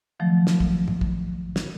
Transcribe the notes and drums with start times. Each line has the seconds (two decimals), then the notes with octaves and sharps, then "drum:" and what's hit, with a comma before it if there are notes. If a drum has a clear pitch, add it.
0.20 D#3 F3 F#3 A3
0.47 drum: snare
0.60 drum: kick
0.88 drum: tom G#2
1.01 drum: kick
1.56 drum: snare